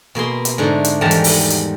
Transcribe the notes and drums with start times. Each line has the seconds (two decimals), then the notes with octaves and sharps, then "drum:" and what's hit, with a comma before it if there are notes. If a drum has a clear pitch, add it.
0.15 B2 A#3 G#4 C6
0.45 drum: hi-hat
0.58 G#2 D3 A3
0.84 drum: hi-hat
1.01 E2 G#2 D#3 G3 A5 A#5
1.11 drum: hi-hat
1.24 drum: open hi-hat
1.50 drum: hi-hat